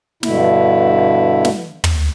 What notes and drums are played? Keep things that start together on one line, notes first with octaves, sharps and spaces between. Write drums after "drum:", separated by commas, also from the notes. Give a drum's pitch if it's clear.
G2 B2 D3 E4, drum: snare
drum: snare
drum: tom